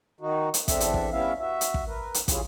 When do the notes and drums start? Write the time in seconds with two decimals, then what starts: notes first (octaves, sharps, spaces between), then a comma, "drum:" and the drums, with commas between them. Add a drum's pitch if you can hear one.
0.21 D#3 D#4 F#4
0.54 drum: hi-hat
0.68 E2 C4 D4 A4 E5, drum: kick, hi-hat
0.80 drum: hi-hat
0.94 drum: kick
1.12 G3 B3 C#4 E4 E5 F5
1.39 F#4 E5
1.61 drum: hi-hat
1.74 drum: kick
1.87 A#4 B4
2.14 drum: hi-hat
2.28 E3 G3 C#4 E4 F4 G#4, drum: kick, hi-hat